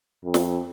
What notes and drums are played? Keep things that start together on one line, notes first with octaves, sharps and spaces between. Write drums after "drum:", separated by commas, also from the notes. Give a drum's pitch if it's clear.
F2
drum: snare